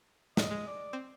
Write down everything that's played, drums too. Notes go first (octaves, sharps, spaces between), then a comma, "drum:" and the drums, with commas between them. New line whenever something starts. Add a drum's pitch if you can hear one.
A2 D#5, drum: snare
G#3
D5
C4